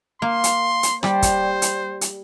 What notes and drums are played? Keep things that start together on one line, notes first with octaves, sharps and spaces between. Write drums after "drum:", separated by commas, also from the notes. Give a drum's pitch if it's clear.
A#3 C6
drum: hi-hat
drum: hi-hat
G3 C5 D5, drum: rim click
drum: kick, hi-hat
drum: hi-hat
drum: hi-hat